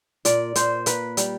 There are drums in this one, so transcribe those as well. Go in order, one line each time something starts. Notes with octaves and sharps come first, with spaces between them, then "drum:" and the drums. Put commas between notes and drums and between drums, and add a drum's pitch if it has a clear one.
A#2 D5, drum: hi-hat
A#2 C5, drum: hi-hat
A#3 B4, drum: hi-hat
G3, drum: hi-hat